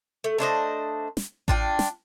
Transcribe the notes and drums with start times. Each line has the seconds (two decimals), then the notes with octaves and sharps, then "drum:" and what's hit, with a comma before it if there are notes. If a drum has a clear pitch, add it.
0.24 A3
0.38 A3 D4 C5 D#5
1.17 drum: snare
1.48 D4 F4 G5, drum: kick A1
1.79 drum: snare